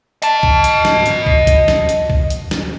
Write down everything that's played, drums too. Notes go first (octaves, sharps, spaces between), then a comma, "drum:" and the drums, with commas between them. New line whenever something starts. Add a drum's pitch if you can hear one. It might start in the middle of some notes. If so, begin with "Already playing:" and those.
D#5 A5, drum: hi-hat
drum: kick
drum: hi-hat
drum: snare
drum: hi-hat
drum: kick
drum: kick, hi-hat
drum: snare
drum: hi-hat
drum: kick
drum: hi-hat
drum: snare